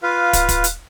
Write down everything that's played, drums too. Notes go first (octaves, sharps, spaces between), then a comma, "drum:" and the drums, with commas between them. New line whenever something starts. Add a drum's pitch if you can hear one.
F4 B4 F5
drum: kick, hi-hat
drum: kick, hi-hat
drum: hi-hat